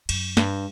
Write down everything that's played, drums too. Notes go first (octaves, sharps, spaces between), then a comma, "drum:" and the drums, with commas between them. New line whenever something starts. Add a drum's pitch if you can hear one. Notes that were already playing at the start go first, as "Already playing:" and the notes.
F#2, drum: cymbal
G2, drum: snare